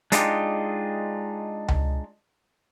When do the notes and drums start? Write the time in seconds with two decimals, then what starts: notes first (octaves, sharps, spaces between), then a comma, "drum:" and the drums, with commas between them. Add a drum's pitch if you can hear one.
0.12 G#3 D4 D#4 F4 G4, drum: hi-hat
1.68 drum: tom C#2